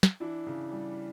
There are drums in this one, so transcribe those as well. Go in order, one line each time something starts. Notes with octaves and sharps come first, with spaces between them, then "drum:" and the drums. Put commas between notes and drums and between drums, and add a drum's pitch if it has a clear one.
drum: snare
E3 D4 E4
C#3
G3